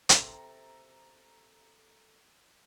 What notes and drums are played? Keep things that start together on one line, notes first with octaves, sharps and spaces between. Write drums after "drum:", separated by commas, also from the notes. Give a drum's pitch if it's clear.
C3 A4 A#5, drum: hi-hat